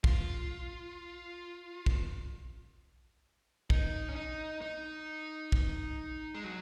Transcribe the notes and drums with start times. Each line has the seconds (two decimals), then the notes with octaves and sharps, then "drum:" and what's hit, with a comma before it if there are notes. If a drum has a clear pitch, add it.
0.04 F4, drum: kick
1.86 drum: kick
3.70 D#4, drum: kick
4.09 C#4
4.16 D#4
4.61 D#4
5.52 drum: kick
6.34 G#3
6.44 F#3